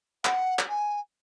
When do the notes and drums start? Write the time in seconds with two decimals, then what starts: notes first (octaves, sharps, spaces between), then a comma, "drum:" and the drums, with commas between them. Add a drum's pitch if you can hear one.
0.25 F#5, drum: clap
0.59 drum: clap
0.69 G#5